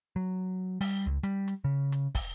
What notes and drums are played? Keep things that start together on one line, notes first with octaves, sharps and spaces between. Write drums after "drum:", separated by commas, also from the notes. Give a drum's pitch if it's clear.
F#3
G3, drum: open hi-hat
C#2
G3, drum: hi-hat
drum: hi-hat
C#3
drum: hi-hat
drum: kick, open hi-hat